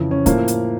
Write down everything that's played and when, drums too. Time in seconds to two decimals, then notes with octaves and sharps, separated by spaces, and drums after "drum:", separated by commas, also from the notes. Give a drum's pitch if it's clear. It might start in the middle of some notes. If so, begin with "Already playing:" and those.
Already playing: F2 C#3 E3
0.11 C#4
0.26 A2 F3 A#3, drum: kick, hi-hat
0.48 drum: hi-hat